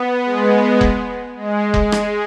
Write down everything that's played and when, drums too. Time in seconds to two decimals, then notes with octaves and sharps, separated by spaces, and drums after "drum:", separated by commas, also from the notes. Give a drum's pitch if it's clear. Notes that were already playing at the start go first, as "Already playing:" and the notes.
Already playing: B3
0.25 G#3
0.81 drum: kick F1
1.36 G#3
1.74 drum: kick F1
1.92 drum: rim click